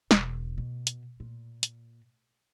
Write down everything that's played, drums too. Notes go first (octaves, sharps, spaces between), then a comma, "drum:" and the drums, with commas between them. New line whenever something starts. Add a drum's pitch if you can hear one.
E1, drum: snare
B2
drum: hi-hat
A#2
drum: hi-hat